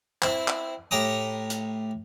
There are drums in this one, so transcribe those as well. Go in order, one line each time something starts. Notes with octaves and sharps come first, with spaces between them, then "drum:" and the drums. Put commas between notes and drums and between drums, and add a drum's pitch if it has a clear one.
C4 E4, drum: clap
drum: clap
A2 G4 G5 A#5 D#6
drum: hi-hat